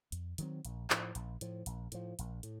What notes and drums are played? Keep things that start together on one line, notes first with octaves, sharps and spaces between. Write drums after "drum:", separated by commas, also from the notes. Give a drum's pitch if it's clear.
F2, drum: hi-hat
D#3 F#3 C4, drum: hi-hat
A#1, drum: hi-hat
A2 F3, drum: clap
A#1, drum: hi-hat
A2 F3, drum: hi-hat
A#1, drum: hi-hat
A2 F3, drum: hi-hat
A#1, drum: hi-hat
A2, drum: hi-hat